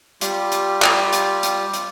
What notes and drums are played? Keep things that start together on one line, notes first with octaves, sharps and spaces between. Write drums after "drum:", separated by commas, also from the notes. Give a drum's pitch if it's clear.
G3 F4 G4, drum: hi-hat
drum: hi-hat
drum: clap
drum: hi-hat
drum: hi-hat
drum: hi-hat